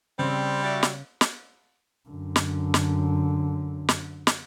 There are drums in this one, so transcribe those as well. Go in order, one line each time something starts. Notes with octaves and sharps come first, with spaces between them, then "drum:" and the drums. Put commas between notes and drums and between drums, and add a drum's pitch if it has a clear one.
C#3 G3 C4
F#4 D5 E5
drum: snare
drum: snare
F#2 D3
drum: snare
drum: snare
drum: snare
drum: snare